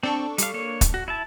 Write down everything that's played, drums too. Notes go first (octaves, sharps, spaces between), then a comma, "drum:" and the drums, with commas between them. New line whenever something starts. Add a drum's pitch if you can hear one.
C4 D4 A4 C#6
G3 F5, drum: hi-hat
A#3 C#5
drum: kick, hi-hat
F#4
E4 E5 A5